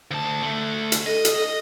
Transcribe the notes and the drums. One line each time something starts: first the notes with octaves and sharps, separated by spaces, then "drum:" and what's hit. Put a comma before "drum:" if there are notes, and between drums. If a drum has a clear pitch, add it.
D2 A5
D3 A3
drum: hi-hat
A4 D#5
drum: hi-hat